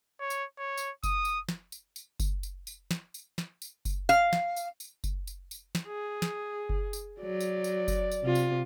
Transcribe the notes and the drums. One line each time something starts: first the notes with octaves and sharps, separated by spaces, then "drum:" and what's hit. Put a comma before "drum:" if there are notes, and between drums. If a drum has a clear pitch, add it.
C#5
drum: tambourine
C#5
drum: tambourine
D#6, drum: kick F#1, tambourine
drum: tambourine
drum: snare
drum: tambourine
drum: tambourine
drum: kick F#1, tambourine
drum: tambourine
drum: tambourine
drum: snare
drum: tambourine
drum: snare
drum: tambourine
drum: kick F#1, tambourine
F5, drum: tambourine
drum: snare
drum: tambourine
drum: tambourine
drum: kick F#1, tambourine
drum: tambourine
drum: tambourine
drum: snare
G#4
drum: snare
drum: kick F#1
drum: tambourine
F#3 D5
drum: tambourine
drum: tambourine
drum: kick F#1, tambourine
drum: tambourine
C3 F4
drum: tambourine